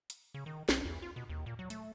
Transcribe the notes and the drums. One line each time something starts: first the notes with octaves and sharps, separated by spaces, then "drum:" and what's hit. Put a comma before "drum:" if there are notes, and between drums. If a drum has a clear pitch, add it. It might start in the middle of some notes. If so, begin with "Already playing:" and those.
drum: hi-hat
C#3
D#3
B1, drum: snare
E2
F4
B2
D#2
A#2
F#3
A3, drum: hi-hat